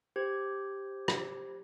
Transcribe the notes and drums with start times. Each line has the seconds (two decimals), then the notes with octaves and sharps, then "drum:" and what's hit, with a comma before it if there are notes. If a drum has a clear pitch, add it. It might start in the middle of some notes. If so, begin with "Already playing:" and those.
0.16 G4 C5 G#6
1.08 drum: rim click